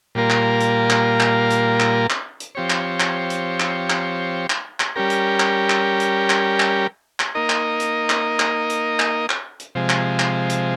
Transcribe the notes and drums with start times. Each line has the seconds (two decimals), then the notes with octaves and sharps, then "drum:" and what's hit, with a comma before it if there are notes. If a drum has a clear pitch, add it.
0.15 A#2 G3 A#3 F4 A#4
0.30 drum: clap
0.60 drum: hi-hat
0.90 drum: clap
1.20 drum: clap
1.50 drum: hi-hat
1.80 drum: clap
2.10 drum: clap
2.40 drum: hi-hat
2.55 F3 C4 G4 C#5
2.70 drum: clap
3.00 drum: clap
3.30 drum: hi-hat
3.60 drum: clap
3.90 drum: clap
4.50 drum: clap
4.80 drum: clap
4.96 G3 C#4 G4 A#4
5.10 drum: hi-hat
5.40 drum: clap
5.70 drum: clap
6.00 drum: hi-hat
6.30 drum: clap
6.60 drum: clap
7.20 drum: clap
7.35 A#3 D#4 A#4 D#5
7.50 drum: clap
7.80 drum: hi-hat
8.10 drum: clap
8.40 drum: clap
8.70 drum: hi-hat
9.00 drum: clap
9.30 drum: clap
9.60 drum: hi-hat
9.75 C3 F3 G#3
9.90 drum: clap
10.20 drum: clap
10.49 drum: hi-hat